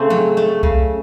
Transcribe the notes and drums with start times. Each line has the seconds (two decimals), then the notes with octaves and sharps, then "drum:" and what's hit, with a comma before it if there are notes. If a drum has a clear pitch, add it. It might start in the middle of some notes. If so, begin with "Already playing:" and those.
Already playing: C#3 A3 C4
0.10 F#3
0.37 A3
0.63 C#3, drum: kick B1